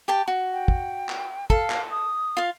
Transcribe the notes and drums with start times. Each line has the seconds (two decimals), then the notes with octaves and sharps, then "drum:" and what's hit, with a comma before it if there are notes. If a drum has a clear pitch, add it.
0.08 G4 G5 A5
0.28 F#4
0.53 G5
0.68 drum: kick
1.09 drum: clap
1.50 A4 F5, drum: kick
1.70 drum: clap
1.91 D#6
2.37 F4 F5